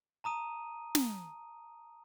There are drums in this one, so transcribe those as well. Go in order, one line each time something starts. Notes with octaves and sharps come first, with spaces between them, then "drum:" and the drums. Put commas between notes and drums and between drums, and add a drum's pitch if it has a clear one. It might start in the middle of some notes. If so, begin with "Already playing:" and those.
A5 A#5 D#6 D#7
drum: snare